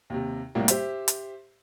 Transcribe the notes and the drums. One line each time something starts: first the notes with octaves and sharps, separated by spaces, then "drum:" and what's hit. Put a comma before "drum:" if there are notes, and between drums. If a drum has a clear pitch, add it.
D#2 C3
C2 A2 G3 A#3
G4 C5 E5, drum: hi-hat
drum: hi-hat